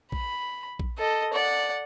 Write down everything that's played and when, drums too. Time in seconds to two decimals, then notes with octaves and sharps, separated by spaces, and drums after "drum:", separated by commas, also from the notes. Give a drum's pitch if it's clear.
0.12 B5, drum: kick A#1
0.79 drum: kick A#1
0.98 A4 D#5
1.33 D5 F#5